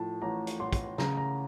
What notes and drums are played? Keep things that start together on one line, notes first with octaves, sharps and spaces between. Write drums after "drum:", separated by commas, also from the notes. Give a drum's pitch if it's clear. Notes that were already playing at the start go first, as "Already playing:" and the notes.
Already playing: A2 F3 A5
A1 A#5
drum: hi-hat
A1 C6
drum: kick, hi-hat
C#3 A#5, drum: snare
A#5